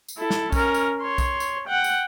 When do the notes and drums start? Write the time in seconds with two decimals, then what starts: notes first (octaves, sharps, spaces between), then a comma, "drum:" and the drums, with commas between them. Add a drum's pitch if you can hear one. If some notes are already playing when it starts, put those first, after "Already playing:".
0.09 drum: tambourine
0.18 E4 A4
0.30 drum: snare
0.52 C#4 A#4, drum: kick B1, tambourine
0.74 drum: tambourine
1.02 C#5 C6
1.18 drum: kick B1, tambourine
1.40 drum: tambourine
1.68 F#5 G5
1.84 drum: tambourine